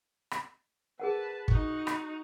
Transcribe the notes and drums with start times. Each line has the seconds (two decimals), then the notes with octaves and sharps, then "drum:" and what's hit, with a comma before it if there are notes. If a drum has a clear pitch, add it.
0.31 drum: rim click
1.00 G#4 A#4 B4 F#5 A5
1.48 D#4 F#4, drum: kick
1.87 drum: rim click